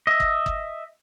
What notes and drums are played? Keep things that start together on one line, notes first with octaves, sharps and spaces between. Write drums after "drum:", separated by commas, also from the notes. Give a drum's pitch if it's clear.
D#5 E5
drum: kick
drum: kick